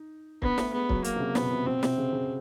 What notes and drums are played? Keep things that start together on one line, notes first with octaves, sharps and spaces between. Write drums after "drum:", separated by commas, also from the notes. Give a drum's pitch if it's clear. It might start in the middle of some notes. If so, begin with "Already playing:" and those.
Already playing: D#4
B3 D4, drum: kick
A3, drum: snare
G#3 B3
F#3, drum: kick
A#3, drum: hi-hat
C3
C#3
B2 B3, drum: snare
C3
B2 C4
C3, drum: snare
C#3
C#3